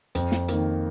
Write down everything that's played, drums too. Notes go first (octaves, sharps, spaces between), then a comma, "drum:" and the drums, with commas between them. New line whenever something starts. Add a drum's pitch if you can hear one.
F2, drum: hi-hat
drum: snare
D#3 A#3, drum: hi-hat